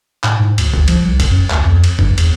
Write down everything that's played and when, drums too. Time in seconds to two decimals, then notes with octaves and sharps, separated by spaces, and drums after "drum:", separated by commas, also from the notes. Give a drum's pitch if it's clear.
0.24 A2, drum: clap
0.39 G#2
0.58 D2, drum: cymbal
0.74 D2, drum: kick F#1
0.88 F3, drum: cymbal
1.00 C2
1.20 drum: kick F#1, cymbal
1.30 F#2
1.50 D2, drum: clap
1.65 F2
1.84 drum: cymbal
1.99 G2, drum: kick F#1
2.18 E2, drum: cymbal